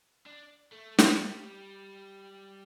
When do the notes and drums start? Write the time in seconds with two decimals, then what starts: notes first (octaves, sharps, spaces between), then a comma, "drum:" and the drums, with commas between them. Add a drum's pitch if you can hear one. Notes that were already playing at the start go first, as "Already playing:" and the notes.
0.27 D4
0.73 A3
0.99 G3, drum: snare